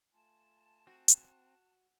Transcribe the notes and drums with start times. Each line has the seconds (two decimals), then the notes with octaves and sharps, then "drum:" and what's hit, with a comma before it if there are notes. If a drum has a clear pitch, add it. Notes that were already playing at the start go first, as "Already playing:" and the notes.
0.13 A3 F4 G#5 A5
0.87 C4 F#4
1.08 drum: hi-hat